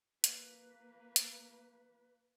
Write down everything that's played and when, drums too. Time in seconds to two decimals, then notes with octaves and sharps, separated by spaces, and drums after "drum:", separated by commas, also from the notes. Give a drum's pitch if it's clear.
0.24 A#3 B4, drum: hi-hat
1.16 drum: hi-hat